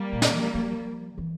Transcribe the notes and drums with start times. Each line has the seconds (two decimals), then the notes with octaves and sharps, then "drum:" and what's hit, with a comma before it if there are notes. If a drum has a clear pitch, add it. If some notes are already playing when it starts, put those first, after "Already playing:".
Already playing: G3 A#3
0.12 A#2
0.22 drum: snare
0.33 F3
0.55 F3
1.18 E3